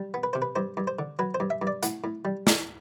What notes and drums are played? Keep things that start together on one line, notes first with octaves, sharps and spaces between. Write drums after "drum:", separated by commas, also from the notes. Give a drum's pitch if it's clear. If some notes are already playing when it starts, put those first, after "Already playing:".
Already playing: G3
B3
B4
C3 C5
B4
G2 C5
G2
C5
D3
F#3 B4
C5
G2
E5
G2
D5
A2 F#5, drum: hi-hat
A2
G3
D4, drum: snare